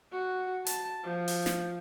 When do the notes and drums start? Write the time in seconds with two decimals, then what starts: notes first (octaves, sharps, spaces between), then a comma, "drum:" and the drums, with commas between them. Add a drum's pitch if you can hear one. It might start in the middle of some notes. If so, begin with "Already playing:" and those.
0.12 F#4
0.67 A5, drum: hi-hat
1.05 F3
1.28 drum: open hi-hat
1.46 drum: snare